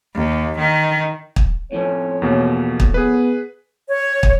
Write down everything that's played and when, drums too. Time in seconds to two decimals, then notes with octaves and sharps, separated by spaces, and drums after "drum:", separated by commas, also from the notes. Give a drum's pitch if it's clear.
0.15 D#2
0.58 D#3
1.36 drum: kick
1.72 A2 F3 C4 C#4 C#5
2.22 E2 B2 A#3
2.80 drum: kick
2.94 B3 G#4 B4
3.90 C#5
4.23 drum: kick